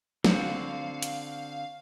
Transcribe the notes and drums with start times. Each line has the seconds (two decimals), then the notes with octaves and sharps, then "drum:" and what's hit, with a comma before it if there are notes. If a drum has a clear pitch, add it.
0.24 D3 C4 F#4 F5, drum: snare
1.03 drum: hi-hat